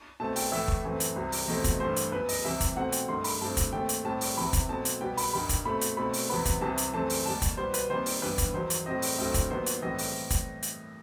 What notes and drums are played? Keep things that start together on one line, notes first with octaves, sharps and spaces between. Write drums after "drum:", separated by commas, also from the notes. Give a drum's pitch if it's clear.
B2 A3 C4 A5
G5, drum: open hi-hat
A2 E3 A3 E5
drum: kick
F#2 E3 A3 C4
drum: hi-hat
C2 C3 F#3
drum: open hi-hat
E2 B2 A3 C4 D#5
drum: kick, hi-hat
G2 E3 A3 C5
drum: hi-hat
F#2 F#3 B3 B4
D#5, drum: open hi-hat
C2 C3 E3 E5
drum: kick, hi-hat
B2 A3 C4 F#5
G5, drum: hi-hat
G2 D#3 A3 C6
B5, drum: open hi-hat
G2 F#3 A3 C4 A5
drum: kick, hi-hat
D#2 D#3 A3 C4 G5
drum: hi-hat
A2 G3 C4 A5
drum: open hi-hat
E2 C3 E3 B5
drum: kick, hi-hat
B2 F#3 A3 C4 A5
drum: hi-hat
B2 G3 B3 G5
B5, drum: open hi-hat
G2 D#3 G3 B5
drum: kick, hi-hat
B2 A3 C4 B5
drum: hi-hat
B2 A3 C4 B5
drum: open hi-hat
E2 C3 F#3 B3 B5
drum: kick, hi-hat
C2 C3 E3 A5
drum: hi-hat
F#2 E3 A3 C4 A5
drum: open hi-hat
D#2 D#3 G3 A5
drum: kick, hi-hat
B2 G3 B3 C5
B4, drum: hi-hat
D#2 D#3 G3 C4 C5
drum: open hi-hat
G2 E3 G3 B3 B4
drum: kick, hi-hat
E2 D#3 F#3 C5
drum: hi-hat
A2 G3 C4 D#5
drum: open hi-hat
G2 F#3 A3 C4 D#5
drum: kick, hi-hat
D#2 D#3 F#3 B3 C5
drum: hi-hat
A2 E3 G3 C4 D#5
drum: open hi-hat
drum: kick, hi-hat
drum: hi-hat